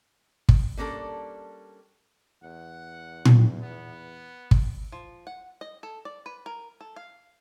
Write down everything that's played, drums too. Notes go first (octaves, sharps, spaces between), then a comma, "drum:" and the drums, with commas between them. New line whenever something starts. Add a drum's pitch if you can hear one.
drum: kick
G3 A#3 C#4 D4 A4
E2 F#5
drum: tom A#2
B3
drum: kick
F3
F#5
D#5
A4
D5
B4
A#4
A4
F5